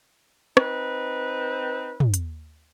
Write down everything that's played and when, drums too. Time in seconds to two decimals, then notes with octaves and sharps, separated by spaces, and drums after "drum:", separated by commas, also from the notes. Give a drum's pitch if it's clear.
0.57 C4 D#4 B4, drum: rim click
2.00 drum: tom
2.14 drum: hi-hat